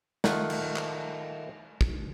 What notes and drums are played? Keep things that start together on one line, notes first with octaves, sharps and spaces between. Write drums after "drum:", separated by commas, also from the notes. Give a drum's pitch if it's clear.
D#3 A3 F4 F#5, drum: snare
drum: cymbal
drum: clap
drum: kick